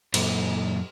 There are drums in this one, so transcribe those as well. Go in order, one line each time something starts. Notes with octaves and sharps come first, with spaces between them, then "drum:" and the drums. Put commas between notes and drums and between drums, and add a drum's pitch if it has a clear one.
F#2 A#2, drum: cymbal